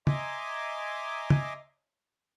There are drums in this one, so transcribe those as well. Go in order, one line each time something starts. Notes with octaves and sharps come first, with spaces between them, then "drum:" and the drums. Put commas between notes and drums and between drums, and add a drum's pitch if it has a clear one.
D#5 E5 G#5 A#5 C6 D6, drum: tom
drum: tom